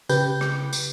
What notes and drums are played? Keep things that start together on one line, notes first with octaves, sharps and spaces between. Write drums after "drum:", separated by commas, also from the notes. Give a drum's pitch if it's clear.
C#3 G4 B4 G6, drum: tambourine
drum: rim click
drum: tambourine